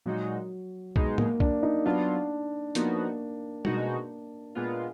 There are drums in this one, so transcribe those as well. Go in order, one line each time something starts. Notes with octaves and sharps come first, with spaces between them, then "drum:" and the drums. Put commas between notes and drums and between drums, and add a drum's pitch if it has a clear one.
A#2 F#3 G#3 D#4 F#4
B2 G#3 D#4, drum: kick
A#3, drum: tom
D4, drum: kick
D#4
F#3 B3 D4 F4
F3 A#3 B3 D#4 F#4, drum: hi-hat
B2 G#3 D#4 F#4, drum: tom
A#2 G#3 B3 F4